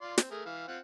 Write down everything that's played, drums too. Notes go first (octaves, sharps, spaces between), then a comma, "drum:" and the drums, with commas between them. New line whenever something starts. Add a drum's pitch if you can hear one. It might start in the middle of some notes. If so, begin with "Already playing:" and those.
F4 D5 C6
C4, drum: snare
A3 G#4 A#4
E3 F5
C4 F4 F#5